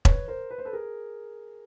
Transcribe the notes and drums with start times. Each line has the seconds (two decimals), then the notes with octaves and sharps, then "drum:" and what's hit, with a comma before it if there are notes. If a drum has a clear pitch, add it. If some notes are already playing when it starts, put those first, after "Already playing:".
0.05 B4 C#5, drum: kick E1
0.28 A#4 C5
0.51 B4
0.58 C5
0.65 A4 B4
0.73 G#4 A#4